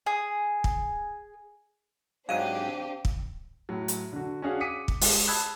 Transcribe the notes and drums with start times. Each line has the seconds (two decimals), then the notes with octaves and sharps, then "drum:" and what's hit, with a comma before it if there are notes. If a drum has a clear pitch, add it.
0.06 G#4
0.64 drum: kick
2.29 G#2 F#3 G#3 C4 D4 G4 F5 D#7
3.05 drum: kick
3.69 A2 F#3
3.88 drum: hi-hat
4.13 D3 F#4
4.42 C#4 D4 F#4 G#4 F5 F#5
4.60 D6 D#6 B6 C#7 D#7
4.88 drum: kick
5.01 G#3, drum: open hi-hat
5.28 A5 B5 D#6 E6 F#6 G#6